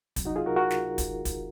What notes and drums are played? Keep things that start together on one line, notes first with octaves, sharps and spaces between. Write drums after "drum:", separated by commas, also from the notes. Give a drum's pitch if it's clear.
C#2 C3 F#3, drum: kick, hi-hat
D#4 F#4
F4 G#4
F#4 A#4
F#4 A#4
drum: snare
drum: kick, hi-hat
drum: kick, hi-hat